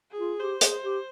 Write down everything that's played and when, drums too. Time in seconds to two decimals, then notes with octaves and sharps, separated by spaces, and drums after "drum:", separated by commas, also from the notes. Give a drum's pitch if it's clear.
0.12 G#4
0.19 F4
0.40 G4 C5
0.61 G#4, drum: hi-hat
0.84 G4